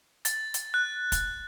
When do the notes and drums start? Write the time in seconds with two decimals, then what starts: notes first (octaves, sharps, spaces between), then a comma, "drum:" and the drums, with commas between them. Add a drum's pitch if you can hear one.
0.25 A6, drum: hi-hat
0.54 drum: hi-hat
0.74 F#6
1.12 drum: kick, hi-hat